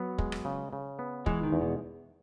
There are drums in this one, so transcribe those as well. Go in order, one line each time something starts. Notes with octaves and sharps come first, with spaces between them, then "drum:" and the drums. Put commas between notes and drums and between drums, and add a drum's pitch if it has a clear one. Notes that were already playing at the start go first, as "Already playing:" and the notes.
Already playing: F#3 B3
G#3, drum: kick
drum: rim click
C#3
C#3
B3
E3 G#3, drum: kick
D#3
E2
B2